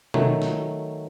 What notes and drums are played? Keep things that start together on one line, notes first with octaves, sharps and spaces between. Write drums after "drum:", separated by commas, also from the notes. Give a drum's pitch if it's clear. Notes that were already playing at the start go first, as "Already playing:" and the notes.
D#3 F#3 A3, drum: tom B2
drum: snare